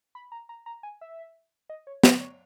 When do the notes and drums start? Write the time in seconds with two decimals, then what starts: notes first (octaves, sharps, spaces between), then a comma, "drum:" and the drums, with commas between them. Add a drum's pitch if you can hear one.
0.15 B5
0.32 A#5
0.49 A#5
0.66 A#5
0.83 G#5
1.01 E5
1.70 D#5
1.87 C#5
2.03 E5, drum: snare
2.20 C#5